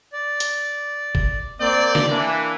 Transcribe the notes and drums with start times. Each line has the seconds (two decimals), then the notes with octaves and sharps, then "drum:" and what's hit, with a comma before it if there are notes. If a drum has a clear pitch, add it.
0.13 D5
0.40 drum: hi-hat
1.15 drum: kick G1
1.60 A#3 C4 D5 G6
1.95 drum: snare
2.10 E3 A#3 D4